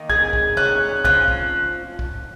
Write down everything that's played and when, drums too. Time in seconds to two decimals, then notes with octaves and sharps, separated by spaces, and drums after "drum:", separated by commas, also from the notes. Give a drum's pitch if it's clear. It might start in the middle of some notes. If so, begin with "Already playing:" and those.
Already playing: D#3 A#3
0.10 G#4 G#6, drum: kick
0.33 drum: kick
0.57 C#4 F#6
1.05 F3 F#6, drum: kick
1.28 drum: kick
1.99 drum: kick